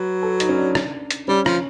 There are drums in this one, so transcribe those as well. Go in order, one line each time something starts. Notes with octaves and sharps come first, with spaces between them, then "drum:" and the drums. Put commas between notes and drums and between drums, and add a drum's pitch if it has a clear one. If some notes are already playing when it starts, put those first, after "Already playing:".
Already playing: F#3 B4
A4
D#4, drum: hi-hat
C#4
D4
drum: rim click
drum: hi-hat
G3 C#4
F3, drum: rim click